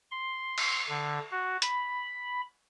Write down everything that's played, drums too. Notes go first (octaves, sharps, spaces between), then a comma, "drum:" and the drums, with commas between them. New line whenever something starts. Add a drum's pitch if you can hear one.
C6
drum: cymbal
D3
F#4
B5, drum: hi-hat